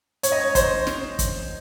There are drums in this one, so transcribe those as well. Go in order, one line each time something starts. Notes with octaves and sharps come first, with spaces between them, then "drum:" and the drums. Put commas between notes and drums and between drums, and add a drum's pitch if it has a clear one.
C#5, drum: hi-hat
D#5
C#5
C5, drum: kick, hi-hat
drum: snare
drum: kick, hi-hat